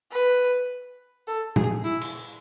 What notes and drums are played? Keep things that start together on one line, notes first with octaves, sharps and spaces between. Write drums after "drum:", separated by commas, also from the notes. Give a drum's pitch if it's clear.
B4
A4
G#4, drum: tom
E4
drum: cymbal